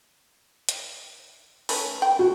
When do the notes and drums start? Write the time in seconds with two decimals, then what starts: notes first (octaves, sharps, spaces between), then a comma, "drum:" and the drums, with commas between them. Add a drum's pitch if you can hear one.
0.69 drum: hi-hat
1.69 A3 C#4 B4, drum: open hi-hat
2.02 G5
2.19 F#4